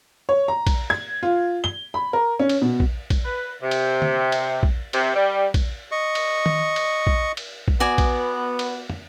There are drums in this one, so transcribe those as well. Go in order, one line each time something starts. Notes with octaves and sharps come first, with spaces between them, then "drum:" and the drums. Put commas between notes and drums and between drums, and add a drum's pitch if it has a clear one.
C#5
A#5
drum: kick A#1, cymbal
G#6
F4
G7
B5
A#4
C#4
drum: cymbal
B2
drum: kick A#1
drum: kick A#1, cymbal
B4
C3
drum: cymbal
drum: tom D3
drum: cymbal
drum: kick A#1
C3, drum: cymbal
G3
drum: kick A#1, cymbal
D#5 C#6
drum: cymbal
drum: tom D#3
drum: cymbal
drum: kick A#1
drum: cymbal
drum: kick A#1
B3 F#4 D5 G#5
drum: kick A#1, cymbal
drum: cymbal
drum: tom